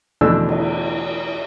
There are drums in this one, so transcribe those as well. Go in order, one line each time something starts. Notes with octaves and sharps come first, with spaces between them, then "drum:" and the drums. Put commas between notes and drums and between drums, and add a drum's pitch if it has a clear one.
E2 B2 D3 A3 D4 E6
drum: cymbal